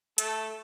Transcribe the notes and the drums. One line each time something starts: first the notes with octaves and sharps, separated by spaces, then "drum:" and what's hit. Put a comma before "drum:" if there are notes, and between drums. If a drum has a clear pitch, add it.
A3 A4, drum: hi-hat